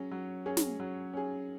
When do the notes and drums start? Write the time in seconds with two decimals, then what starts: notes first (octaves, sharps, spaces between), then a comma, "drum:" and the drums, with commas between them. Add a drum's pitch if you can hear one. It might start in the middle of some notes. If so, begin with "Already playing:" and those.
Already playing: F#3 C#4 G#4
0.11 F#3
0.46 C#4 G#4
0.57 drum: snare
0.80 F#3
1.13 C#4 G#4